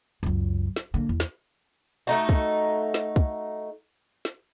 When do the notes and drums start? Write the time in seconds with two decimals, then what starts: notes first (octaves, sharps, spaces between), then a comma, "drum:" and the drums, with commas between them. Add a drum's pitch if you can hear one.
0.23 C#2 F#2
0.76 drum: snare
0.94 D3 A#3
1.09 E2
1.20 drum: snare
2.07 A3 D#4 F#4
2.29 drum: kick
2.94 drum: snare
3.16 drum: kick
4.25 drum: snare